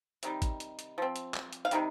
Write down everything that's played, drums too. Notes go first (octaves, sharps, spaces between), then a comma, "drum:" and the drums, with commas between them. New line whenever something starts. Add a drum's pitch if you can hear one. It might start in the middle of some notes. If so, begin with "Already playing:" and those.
C3 D#3 G3, drum: hi-hat
drum: kick, hi-hat
drum: hi-hat
drum: hi-hat
F3 C4
drum: hi-hat
drum: clap
drum: hi-hat
F5
C3 D#3 G3, drum: hi-hat